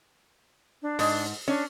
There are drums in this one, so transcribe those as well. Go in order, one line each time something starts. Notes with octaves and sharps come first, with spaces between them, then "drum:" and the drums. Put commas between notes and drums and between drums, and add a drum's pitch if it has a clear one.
D4
G#2, drum: open hi-hat
C#4 D4 C#5